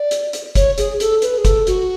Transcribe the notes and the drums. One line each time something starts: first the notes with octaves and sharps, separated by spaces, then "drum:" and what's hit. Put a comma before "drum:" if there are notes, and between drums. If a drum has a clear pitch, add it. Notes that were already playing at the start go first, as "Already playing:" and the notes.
Already playing: D5
drum: hi-hat
drum: hi-hat
C#5, drum: kick, hi-hat
G#4, drum: hi-hat
A4, drum: hi-hat
B4, drum: hi-hat
G#4
A4, drum: kick, hi-hat
F#4, drum: hi-hat